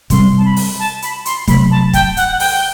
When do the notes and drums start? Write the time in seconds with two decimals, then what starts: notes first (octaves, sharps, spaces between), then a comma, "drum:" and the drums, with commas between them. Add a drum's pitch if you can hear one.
0.10 C3 G3 C4 C6, drum: kick, hi-hat
0.38 A5
0.45 B5
0.56 drum: open hi-hat
0.79 A5
1.02 B5, drum: hi-hat
1.25 C6, drum: hi-hat
1.48 C3 F#3 A3 B5, drum: kick, hi-hat
1.71 A5
1.93 G5, drum: kick, hi-hat
2.17 F#5, drum: hi-hat
2.32 F#5
2.40 G5, drum: open hi-hat
2.52 G5